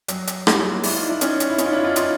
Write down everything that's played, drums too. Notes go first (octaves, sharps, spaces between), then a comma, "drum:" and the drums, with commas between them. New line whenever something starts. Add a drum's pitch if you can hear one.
F#3, drum: hi-hat
drum: hi-hat
G3, drum: rim click
F#3 G#3
G#3 A#3
D4 E4, drum: open hi-hat
D#4 F4
D4 E4
C#4 D#4, drum: hi-hat
drum: hi-hat
E4
C#4 D#4, drum: hi-hat
F4
D4 E4
D#4 F4
D#4 F4, drum: hi-hat